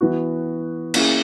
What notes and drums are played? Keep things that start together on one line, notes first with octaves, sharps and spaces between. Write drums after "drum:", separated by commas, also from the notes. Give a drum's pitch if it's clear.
E3 B3 F#4
A#3 C#4 E4 G#4, drum: cymbal